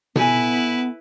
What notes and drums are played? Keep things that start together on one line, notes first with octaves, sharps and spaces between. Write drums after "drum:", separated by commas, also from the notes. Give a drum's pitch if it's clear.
B3 E4 A4 B4 G#5, drum: tom B2